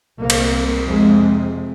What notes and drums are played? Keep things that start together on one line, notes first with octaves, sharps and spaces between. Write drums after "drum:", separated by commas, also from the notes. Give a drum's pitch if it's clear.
C2 C3 A#3
drum: cymbal
F2 C3 G#3